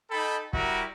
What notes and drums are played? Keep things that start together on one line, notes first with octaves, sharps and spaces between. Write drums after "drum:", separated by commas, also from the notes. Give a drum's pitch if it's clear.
D#4 A4 G5 B5
G3 E4 F#4 A#4 A#5, drum: kick